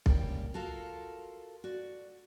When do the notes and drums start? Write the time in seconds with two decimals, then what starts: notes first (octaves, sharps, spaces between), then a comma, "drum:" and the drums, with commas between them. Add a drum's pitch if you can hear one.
0.06 C#3 G3 A#3 G5, drum: kick B1
0.54 F4 F#4 A4 A#4 F5
1.64 F#4 D5